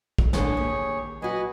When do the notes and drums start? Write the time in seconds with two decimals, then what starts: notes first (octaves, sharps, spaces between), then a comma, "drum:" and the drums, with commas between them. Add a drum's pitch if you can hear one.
0.18 drum: kick
0.33 F2 D3 G#4 C#5, drum: snare
0.57 D#2
1.22 F#3 F#4 B4 D#5 G#5